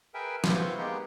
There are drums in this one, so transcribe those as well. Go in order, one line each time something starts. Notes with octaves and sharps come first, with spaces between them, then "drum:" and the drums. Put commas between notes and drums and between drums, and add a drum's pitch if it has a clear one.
G#4 A#4 B4 E5 G5 G#5
B3 C4 E4 F5 C6 C#6, drum: snare
G#3 A#3 B3 D#4 G4 G#4